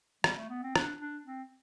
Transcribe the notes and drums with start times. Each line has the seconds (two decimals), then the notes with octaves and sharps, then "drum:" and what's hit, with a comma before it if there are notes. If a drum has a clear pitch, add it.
0.24 G3, drum: rim click
0.37 A3
0.49 B3
0.63 C4
0.76 D4, drum: rim click
1.00 D4
1.25 C4